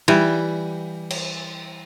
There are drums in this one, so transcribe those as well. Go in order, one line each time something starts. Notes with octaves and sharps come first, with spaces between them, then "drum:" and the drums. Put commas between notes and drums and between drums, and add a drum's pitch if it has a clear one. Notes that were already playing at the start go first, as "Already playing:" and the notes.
E3 G3, drum: cymbal
drum: cymbal